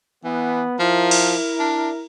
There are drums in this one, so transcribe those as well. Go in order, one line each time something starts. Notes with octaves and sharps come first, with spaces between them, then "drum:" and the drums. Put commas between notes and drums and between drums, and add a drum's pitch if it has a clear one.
E3 B3
F3 E4 A#4
drum: cymbal
D4